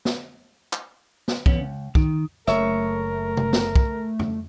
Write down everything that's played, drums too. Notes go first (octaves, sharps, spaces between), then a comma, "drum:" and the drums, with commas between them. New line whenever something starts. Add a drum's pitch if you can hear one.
drum: snare
drum: clap
drum: snare
E2 B3 C#4, drum: kick
C#2
D#3, drum: kick
F#1 A3 A#4 C#5 E5, drum: rim click
drum: tom C3
drum: snare
drum: kick
drum: tom